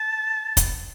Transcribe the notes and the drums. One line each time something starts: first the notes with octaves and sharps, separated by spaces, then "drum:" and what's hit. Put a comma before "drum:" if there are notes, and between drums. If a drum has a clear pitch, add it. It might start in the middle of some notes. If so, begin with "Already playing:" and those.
Already playing: A5
drum: kick, hi-hat